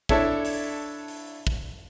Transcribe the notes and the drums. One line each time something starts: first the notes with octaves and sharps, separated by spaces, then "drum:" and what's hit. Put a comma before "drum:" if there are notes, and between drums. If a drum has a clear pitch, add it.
D4 E4 A4 C#5 E5, drum: kick
drum: open hi-hat
drum: open hi-hat
drum: kick